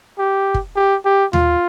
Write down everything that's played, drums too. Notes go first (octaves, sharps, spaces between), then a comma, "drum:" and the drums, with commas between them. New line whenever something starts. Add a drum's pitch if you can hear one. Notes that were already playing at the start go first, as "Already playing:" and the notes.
G4
drum: kick
G4
G4
F4, drum: tom D#2